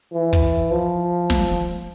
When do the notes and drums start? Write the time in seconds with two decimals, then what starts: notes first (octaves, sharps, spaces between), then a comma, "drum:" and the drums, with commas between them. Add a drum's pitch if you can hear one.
0.13 E3
0.33 drum: kick
0.71 F3
1.30 drum: snare